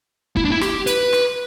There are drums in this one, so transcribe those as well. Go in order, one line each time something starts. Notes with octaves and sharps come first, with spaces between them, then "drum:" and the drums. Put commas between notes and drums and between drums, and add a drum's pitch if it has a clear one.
E4, drum: kick
D4
E4
G4, drum: rim click
B4, drum: hi-hat
drum: rim click